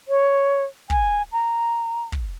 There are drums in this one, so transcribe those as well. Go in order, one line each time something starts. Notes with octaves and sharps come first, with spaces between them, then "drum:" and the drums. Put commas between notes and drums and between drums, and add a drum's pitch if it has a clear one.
C#5
G#5, drum: kick
A#5
drum: kick